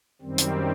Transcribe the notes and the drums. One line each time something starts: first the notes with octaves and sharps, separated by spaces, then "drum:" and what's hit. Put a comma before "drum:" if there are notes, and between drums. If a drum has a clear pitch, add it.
F#2 D#3 G3 C4
drum: hi-hat